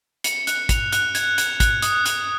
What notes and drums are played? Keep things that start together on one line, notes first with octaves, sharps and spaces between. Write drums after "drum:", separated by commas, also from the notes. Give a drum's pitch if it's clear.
C#7, drum: hi-hat
F#6, drum: hi-hat
F7, drum: kick, hi-hat
F#6, drum: hi-hat
G#6, drum: hi-hat
G#6, drum: hi-hat
F#6, drum: kick, hi-hat
D#6, drum: hi-hat
F#6, drum: hi-hat